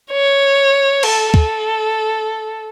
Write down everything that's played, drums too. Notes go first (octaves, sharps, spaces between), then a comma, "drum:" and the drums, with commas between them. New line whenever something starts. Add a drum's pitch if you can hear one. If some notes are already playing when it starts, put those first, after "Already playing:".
C#5
A4, drum: cymbal
A4, drum: kick